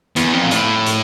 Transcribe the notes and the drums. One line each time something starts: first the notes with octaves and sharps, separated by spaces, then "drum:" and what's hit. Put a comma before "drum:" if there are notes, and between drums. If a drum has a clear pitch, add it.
E2, drum: hi-hat
F2
A#2
A2, drum: hi-hat
drum: hi-hat